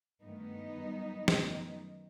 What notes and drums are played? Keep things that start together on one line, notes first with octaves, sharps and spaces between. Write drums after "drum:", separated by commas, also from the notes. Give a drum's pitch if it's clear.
G2 D#3 A3 B3 D#4
F#2 D#3 G3
F#2 D#3 A3, drum: snare